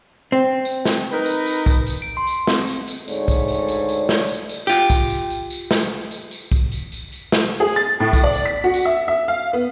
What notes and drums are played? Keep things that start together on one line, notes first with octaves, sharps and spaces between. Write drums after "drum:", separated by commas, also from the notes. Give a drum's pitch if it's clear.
C4
drum: tambourine
drum: snare
D#4 A#4 B4
drum: tambourine
drum: tambourine
drum: kick, tambourine
drum: tambourine
D7
C6
drum: tambourine
C4, drum: snare
drum: tambourine
drum: tambourine
D2 G#2 A4 C#5 D5, drum: tambourine
drum: kick, tambourine
drum: tambourine
drum: tambourine
drum: tambourine
drum: snare
drum: tambourine
drum: tambourine
F4 G4, drum: tambourine
drum: kick, tambourine
drum: tambourine
drum: tambourine
drum: tambourine
drum: snare
drum: tambourine
drum: tambourine
drum: kick, tambourine
drum: tambourine
drum: tambourine
drum: tambourine
drum: snare
G#4
A6
A2
drum: kick, tambourine
D5
drum: tambourine
B6
F#4
drum: tambourine
E5
E5
F5
B3